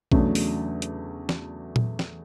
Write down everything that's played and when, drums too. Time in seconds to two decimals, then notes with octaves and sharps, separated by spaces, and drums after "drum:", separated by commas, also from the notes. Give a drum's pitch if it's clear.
0.12 E2 C#3 F#3 A3 D4, drum: kick A#1
0.35 drum: open hi-hat
0.82 drum: hi-hat
1.29 drum: snare
1.76 drum: tom A#2
1.99 drum: snare